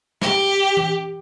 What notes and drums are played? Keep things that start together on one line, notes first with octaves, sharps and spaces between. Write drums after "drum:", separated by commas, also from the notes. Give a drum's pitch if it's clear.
G4, drum: snare
drum: tom E3